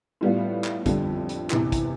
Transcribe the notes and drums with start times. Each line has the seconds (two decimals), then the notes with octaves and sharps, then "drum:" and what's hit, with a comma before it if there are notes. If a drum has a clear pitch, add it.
0.21 A2 G3 B3 F4
0.64 drum: clap
0.86 F2 D3 G3, drum: kick, hi-hat
1.29 drum: hi-hat
1.50 E2 C3 E3, drum: clap
1.72 drum: kick, hi-hat